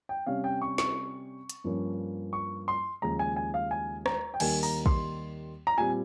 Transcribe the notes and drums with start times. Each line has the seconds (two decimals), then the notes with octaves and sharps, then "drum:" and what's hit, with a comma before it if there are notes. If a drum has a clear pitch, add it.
0.09 G5
0.26 C3 G3 C#4 F5
0.44 G5
0.62 C#6
0.78 C#6, drum: snare
1.50 drum: hi-hat
1.64 G2 F3 A#3 C#4
2.33 C#6
2.68 C6
3.02 D#2 C#3 F3 G#3 A#5
3.19 G#5
3.36 G#5
3.54 F5
3.71 G#5
4.06 A#5, drum: rim click
4.34 G5
4.40 D#2 D#3 G3 A#3 G#5, drum: cymbal
4.63 A#5, drum: open hi-hat
4.86 C6, drum: kick
5.67 A#5
5.78 A#2 G3 C4 G#5